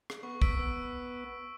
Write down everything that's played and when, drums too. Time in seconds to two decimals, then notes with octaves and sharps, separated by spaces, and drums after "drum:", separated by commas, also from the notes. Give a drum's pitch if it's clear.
0.10 drum: rim click
0.23 B3 C#6
0.42 E6 B6 D7, drum: kick
0.59 B3 E6